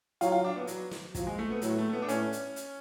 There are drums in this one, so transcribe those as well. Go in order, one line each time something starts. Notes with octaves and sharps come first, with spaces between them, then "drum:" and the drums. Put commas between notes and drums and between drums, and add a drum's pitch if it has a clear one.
F#3 F4, drum: hi-hat
F4
D4
B3
F#3, drum: hi-hat
drum: snare
F3 F#3, drum: kick, hi-hat
G#3
A3
B3
A2 F#3, drum: hi-hat
A3
A3
B3
D4
A2 C#4, drum: hi-hat
drum: hi-hat
drum: hi-hat